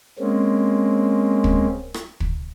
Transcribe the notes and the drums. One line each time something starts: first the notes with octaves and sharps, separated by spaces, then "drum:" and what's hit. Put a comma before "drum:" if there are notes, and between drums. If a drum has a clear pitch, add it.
G#3 A#3 C4 C#4
drum: kick
drum: rim click
drum: kick